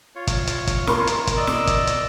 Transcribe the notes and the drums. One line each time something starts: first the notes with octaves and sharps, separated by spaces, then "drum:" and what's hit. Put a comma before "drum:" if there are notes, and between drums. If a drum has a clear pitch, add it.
F4 C#5
drum: kick, hi-hat
drum: hi-hat
drum: kick, hi-hat
A#4 C6, drum: snare
drum: hi-hat
drum: kick, hi-hat
D5 D#5 E6
drum: snare
drum: kick, hi-hat
drum: hi-hat